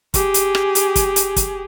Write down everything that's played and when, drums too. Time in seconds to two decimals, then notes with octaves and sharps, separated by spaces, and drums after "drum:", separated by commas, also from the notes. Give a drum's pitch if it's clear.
0.14 G4 G#4, drum: kick, hi-hat
0.34 drum: hi-hat
0.55 drum: rim click
0.75 drum: hi-hat
0.96 drum: kick, hi-hat
1.16 drum: hi-hat
1.36 drum: kick, hi-hat